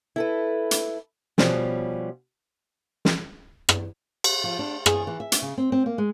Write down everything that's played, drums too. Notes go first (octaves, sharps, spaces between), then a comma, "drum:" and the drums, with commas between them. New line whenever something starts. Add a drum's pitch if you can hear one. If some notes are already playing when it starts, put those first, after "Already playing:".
E4 A4 B4
drum: hi-hat
B2 F3 G3 C#4, drum: snare
drum: snare
drum: rim click
drum: cymbal
F3
D4
G#4, drum: rim click
E3
E5
drum: hi-hat
C#3
C4
C4
A#3
G#3